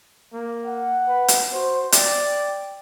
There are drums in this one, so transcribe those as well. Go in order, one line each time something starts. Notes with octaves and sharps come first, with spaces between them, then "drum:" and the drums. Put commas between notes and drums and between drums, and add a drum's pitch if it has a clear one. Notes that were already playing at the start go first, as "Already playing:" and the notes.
A#3
F#5
B4
drum: hi-hat
F#4 C5
D5 G5, drum: hi-hat